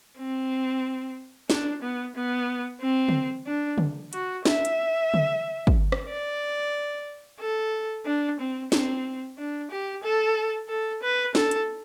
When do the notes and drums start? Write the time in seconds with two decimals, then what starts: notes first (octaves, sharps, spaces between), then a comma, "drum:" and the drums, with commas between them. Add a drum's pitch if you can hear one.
0.18 C4
1.50 D4, drum: snare
1.82 B3
2.16 B3
2.81 C4
3.09 drum: tom C#3
3.47 D4
3.78 drum: tom C#3
4.13 F#4, drum: hi-hat
4.45 E5, drum: snare
4.65 drum: hi-hat
5.14 drum: tom C#3
5.67 drum: kick
5.92 drum: rim click
6.10 D5
7.40 A4
8.06 D4
8.40 C4
8.72 C4, drum: snare
9.38 D4
9.71 G4
10.04 A4
10.69 A4
11.02 B4
11.35 A4, drum: snare
11.51 drum: hi-hat